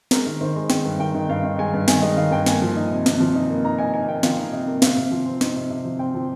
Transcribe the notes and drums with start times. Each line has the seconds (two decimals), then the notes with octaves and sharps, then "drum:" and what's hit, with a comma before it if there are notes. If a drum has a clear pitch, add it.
0.11 G#3 A#4, drum: snare
0.26 D#3
0.41 D#3 C5
0.56 G#3
0.70 G#3 G5, drum: snare
0.85 G2
0.99 D#3 G5
1.15 D#3
1.29 G2 F5
1.43 D#3
1.58 G#3 G#5
1.74 G2
1.88 D#3 G#5, drum: snare
2.02 G#3 D#5
2.17 D#3 F5
2.31 G2 G5
2.46 A#3 G#5, drum: snare
2.62 F3
2.76 D#4
2.91 C3
3.06 C3, drum: snare
3.20 F3
3.35 D#4
3.50 A#3
3.64 D#4 A#5
3.79 D#4 G#5
3.94 D#4 G#5
4.08 A#3 G5
4.23 F3 F5, drum: snare
4.38 D#4
4.52 C3 D#5
4.67 A#3
4.82 C3 F5, drum: snare
4.97 C3
5.11 F3
5.26 C4
5.41 D#4, drum: snare
5.56 C3
5.70 C3
5.85 F3
5.99 C4 G5
6.14 F3